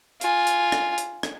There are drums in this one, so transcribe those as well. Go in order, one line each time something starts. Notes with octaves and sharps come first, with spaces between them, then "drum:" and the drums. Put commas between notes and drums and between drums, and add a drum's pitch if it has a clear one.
F4 G#5, drum: hi-hat
drum: hi-hat
drum: rim click
drum: hi-hat
drum: rim click